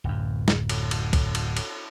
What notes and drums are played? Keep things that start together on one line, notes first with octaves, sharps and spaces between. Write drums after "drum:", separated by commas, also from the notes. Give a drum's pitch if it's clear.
D1 F#2
drum: snare
drum: cymbal
drum: cymbal
drum: kick B1, cymbal
drum: cymbal
drum: cymbal